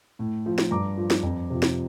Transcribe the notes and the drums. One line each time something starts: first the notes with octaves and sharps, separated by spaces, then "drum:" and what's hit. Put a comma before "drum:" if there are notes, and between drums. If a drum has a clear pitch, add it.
A2
F3
drum: snare
G2 A#5 D6
F3
drum: snare
F2
C3 F3
drum: snare